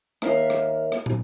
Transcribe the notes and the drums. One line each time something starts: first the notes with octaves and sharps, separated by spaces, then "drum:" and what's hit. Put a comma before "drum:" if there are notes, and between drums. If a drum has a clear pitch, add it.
D#2 A#3 E5 F5, drum: rim click
drum: rim click
drum: rim click
drum: tom